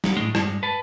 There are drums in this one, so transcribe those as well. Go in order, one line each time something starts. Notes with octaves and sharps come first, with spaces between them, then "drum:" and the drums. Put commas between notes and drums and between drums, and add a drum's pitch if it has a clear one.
drum: snare
A2 G#3
G2 G#3, drum: rim click
B4 A5